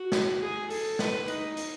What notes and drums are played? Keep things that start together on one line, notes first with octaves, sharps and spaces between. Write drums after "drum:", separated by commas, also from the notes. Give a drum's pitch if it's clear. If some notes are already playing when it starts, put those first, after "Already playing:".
Already playing: F#4
drum: snare
G#4
A4, drum: open hi-hat
B4, drum: snare
D#4, drum: hi-hat
drum: hi-hat